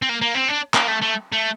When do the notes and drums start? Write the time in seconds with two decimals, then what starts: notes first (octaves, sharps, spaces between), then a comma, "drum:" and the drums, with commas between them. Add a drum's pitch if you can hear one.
0.02 C4
0.09 A#3
0.22 A#3
0.35 C4
0.48 D4
0.74 A#3, drum: clap
0.88 A3
1.02 A3
1.32 A3